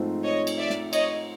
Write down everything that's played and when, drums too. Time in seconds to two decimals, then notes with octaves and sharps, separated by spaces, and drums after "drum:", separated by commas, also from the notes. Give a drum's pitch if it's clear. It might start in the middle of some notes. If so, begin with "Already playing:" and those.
Already playing: G#2 F3 A3 C4 D#4
0.24 C#5 D#5
0.47 drum: cymbal
0.58 D5 E5
0.70 drum: snare
0.93 C#5 D#5, drum: cymbal